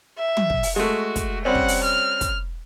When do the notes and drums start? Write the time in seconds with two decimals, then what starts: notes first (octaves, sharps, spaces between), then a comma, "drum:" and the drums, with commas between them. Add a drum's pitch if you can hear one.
0.18 E5
0.37 drum: tom
0.50 drum: kick
0.63 drum: open hi-hat
0.76 G#3 A3 F#4
1.16 drum: kick, hi-hat
1.45 G3 C4 C#4 F#5
1.55 drum: kick
1.68 drum: open hi-hat
1.84 F6
2.21 drum: kick, hi-hat